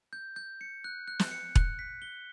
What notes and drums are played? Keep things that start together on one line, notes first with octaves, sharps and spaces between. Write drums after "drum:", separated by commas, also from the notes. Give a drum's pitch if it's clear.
G6
G6
C#7
F#6
F#6
drum: snare
C#7
F#6, drum: kick E1
B6
G7